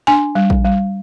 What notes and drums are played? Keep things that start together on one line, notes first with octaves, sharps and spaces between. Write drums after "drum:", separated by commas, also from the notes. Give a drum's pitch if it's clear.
D4 G#5
G3
drum: kick A#1
G3